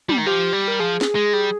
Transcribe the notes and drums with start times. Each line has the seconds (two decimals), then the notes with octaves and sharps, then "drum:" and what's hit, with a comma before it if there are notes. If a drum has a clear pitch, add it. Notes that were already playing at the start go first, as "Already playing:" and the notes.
0.09 G3, drum: tom
0.18 D#3
0.26 F3 G4
0.53 G3
0.68 A#4
0.80 F3 G#4
1.01 drum: snare
1.15 G#3
1.33 G3